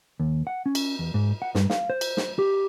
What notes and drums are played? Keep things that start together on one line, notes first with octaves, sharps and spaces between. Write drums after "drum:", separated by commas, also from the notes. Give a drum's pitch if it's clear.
D#2
F#5
C#4
drum: cymbal
E2
G#2
F#5
G2, drum: snare
F5, drum: snare
C5
drum: cymbal
drum: snare
G4